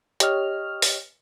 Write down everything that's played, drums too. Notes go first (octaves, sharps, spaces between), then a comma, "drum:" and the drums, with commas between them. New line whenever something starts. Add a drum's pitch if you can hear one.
G4 C#5 D#5 F6, drum: hi-hat
drum: open hi-hat